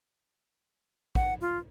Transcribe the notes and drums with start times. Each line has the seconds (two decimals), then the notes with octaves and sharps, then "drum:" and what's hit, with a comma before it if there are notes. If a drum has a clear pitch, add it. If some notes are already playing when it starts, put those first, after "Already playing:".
1.15 F#5, drum: kick A#1
1.41 F4